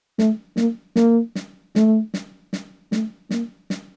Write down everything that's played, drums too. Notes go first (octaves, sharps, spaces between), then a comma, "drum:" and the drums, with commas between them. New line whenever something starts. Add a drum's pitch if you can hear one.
A3, drum: snare
A#3, drum: snare
A#3, drum: snare
drum: snare
A3, drum: snare
drum: snare
drum: snare
A3, drum: snare
A#3, drum: snare
drum: snare